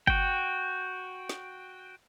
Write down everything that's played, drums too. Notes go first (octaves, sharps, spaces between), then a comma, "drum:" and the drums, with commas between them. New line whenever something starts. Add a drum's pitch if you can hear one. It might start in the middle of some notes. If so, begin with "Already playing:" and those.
F#4 G5, drum: kick F#1
drum: snare